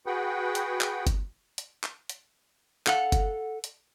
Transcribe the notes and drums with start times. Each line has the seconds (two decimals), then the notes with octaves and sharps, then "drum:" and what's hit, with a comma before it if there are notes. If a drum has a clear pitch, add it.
0.06 F#4 G#4 B4 F#5 G5
0.55 drum: hi-hat
0.81 drum: clap
1.07 drum: kick, hi-hat
1.58 drum: hi-hat
1.84 drum: clap
2.09 drum: hi-hat
2.87 A4 F5 F#5, drum: clap
3.12 drum: kick, hi-hat
3.64 drum: hi-hat